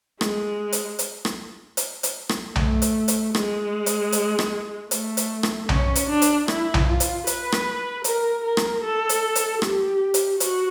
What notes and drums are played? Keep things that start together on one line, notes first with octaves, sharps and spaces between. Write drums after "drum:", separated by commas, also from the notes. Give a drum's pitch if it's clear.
G#3, drum: rim click
drum: hi-hat
drum: hi-hat
drum: rim click
drum: hi-hat
drum: hi-hat
drum: rim click
A3, drum: tom B1
drum: hi-hat
drum: hi-hat
G#3, drum: rim click
drum: hi-hat
drum: hi-hat
drum: rim click
A3, drum: hi-hat
drum: hi-hat
drum: rim click
C#4, drum: tom B1
drum: hi-hat
D4
drum: hi-hat
E4, drum: rim click
drum: tom B1
F4
drum: hi-hat
B4, drum: hi-hat
drum: rim click
A#4, drum: hi-hat
A#4
drum: rim click
A4
drum: hi-hat
drum: hi-hat
G4, drum: rim click
drum: hi-hat
F#4, drum: hi-hat